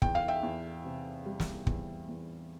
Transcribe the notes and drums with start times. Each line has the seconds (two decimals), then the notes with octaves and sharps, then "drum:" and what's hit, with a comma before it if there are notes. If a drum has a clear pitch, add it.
0.02 E2 G5, drum: kick
0.15 F5
0.28 E5 G5
0.43 E2
0.84 C3
1.26 G3
1.40 drum: snare
1.67 E2, drum: kick
2.09 E2